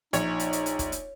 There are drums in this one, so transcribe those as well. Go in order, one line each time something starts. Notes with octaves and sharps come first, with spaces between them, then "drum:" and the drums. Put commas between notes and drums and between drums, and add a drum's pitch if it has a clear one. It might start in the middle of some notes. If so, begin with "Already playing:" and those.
A#1 D#4 C#5, drum: hi-hat
drum: hi-hat
drum: hi-hat
drum: hi-hat
drum: kick, hi-hat
drum: hi-hat